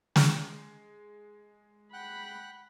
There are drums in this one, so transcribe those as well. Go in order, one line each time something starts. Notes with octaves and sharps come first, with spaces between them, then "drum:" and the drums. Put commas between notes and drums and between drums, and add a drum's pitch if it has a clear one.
G#3, drum: snare
F#5 G5 B5 F#6